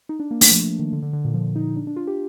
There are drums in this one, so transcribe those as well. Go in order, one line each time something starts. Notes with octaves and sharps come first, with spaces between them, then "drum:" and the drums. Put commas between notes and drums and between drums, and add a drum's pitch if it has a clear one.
D#4
D4
A#3
A3, drum: open hi-hat
F3
D#3
D3
D3
D3
A#2
F3
D#4
D4
D4
F4
G4